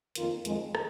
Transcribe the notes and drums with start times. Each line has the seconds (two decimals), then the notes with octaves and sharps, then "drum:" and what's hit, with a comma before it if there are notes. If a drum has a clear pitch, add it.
0.15 F2 D#3 A#3 F4 A#4, drum: hi-hat
0.45 F2 D#3 G#3, drum: hi-hat
0.75 drum: rim click